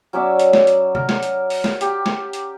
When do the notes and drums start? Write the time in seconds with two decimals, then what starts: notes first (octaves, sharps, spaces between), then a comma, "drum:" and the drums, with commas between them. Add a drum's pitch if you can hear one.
0.13 F#3 C#4 D5 E5
0.40 drum: hi-hat
0.53 drum: snare
0.67 drum: hi-hat
0.95 A#4, drum: tom C3
1.09 drum: snare
1.23 drum: hi-hat
1.50 drum: open hi-hat
1.64 drum: snare
1.81 G4, drum: hi-hat
2.06 drum: snare
2.33 drum: hi-hat